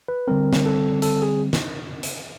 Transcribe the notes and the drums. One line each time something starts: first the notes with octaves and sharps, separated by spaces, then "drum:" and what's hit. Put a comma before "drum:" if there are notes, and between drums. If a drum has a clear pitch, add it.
B4
D3 G3 C4 A#4
drum: snare
A4
A4, drum: hi-hat
G#4
drum: snare
drum: hi-hat